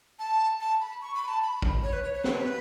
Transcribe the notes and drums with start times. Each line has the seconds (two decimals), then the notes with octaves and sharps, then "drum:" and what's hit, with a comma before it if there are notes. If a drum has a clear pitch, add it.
0.19 A5
0.60 A5
0.80 B5
1.01 C#6
1.15 B5
1.28 A5
1.42 B5
1.62 drum: kick
1.83 C#5
1.93 B4
2.03 C#5
2.14 C#5
2.24 B4, drum: snare